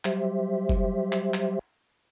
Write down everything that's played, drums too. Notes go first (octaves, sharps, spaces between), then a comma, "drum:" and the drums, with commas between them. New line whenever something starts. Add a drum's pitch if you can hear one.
F#3 G3 G4 C5 E5, drum: clap
drum: kick F#1
drum: clap
drum: clap